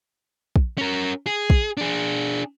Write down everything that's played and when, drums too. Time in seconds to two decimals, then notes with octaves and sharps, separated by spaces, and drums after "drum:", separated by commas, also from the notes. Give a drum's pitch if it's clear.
0.56 drum: kick
0.78 C#4 A#4
1.26 G#4
1.50 drum: kick
1.77 D4 G#4